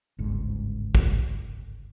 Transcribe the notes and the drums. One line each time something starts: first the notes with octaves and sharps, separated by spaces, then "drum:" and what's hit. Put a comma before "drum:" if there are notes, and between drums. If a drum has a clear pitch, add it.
G1 C#2 G#2
drum: kick